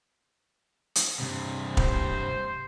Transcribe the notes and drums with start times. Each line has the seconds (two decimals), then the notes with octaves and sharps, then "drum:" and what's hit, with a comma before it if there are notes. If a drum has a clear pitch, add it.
0.95 drum: hi-hat
1.20 G2 C3
1.77 C5, drum: kick